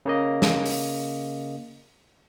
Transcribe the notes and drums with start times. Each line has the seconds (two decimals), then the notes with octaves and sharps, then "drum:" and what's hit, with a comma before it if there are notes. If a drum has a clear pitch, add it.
0.05 C#3 A#3 D#5
0.42 drum: snare
0.66 drum: open hi-hat